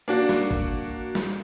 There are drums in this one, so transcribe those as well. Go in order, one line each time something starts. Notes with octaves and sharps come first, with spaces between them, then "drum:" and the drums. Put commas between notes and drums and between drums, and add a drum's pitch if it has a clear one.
A#3 D4 F#4
drum: snare
drum: kick
drum: snare